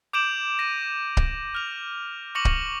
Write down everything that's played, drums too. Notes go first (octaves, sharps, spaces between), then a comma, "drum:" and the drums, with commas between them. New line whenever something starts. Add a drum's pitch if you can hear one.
D6 G6 D7 E7 F#7
A#6 D#7
drum: kick C#1
F6 F7
C#6 D6 A#6 C#7 D#7 F#7
drum: kick C#1